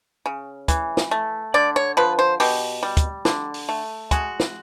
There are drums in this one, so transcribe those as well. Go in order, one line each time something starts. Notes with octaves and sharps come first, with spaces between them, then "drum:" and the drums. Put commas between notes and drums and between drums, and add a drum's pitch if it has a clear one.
C#3
E3, drum: kick, hi-hat
drum: snare
A3
D3 D5
C#5
F3 B4
C5
B2 G4, drum: open hi-hat
G3
drum: kick, hi-hat
D3, drum: snare
drum: open hi-hat
A3
G#3 F#4, drum: kick, hi-hat
drum: snare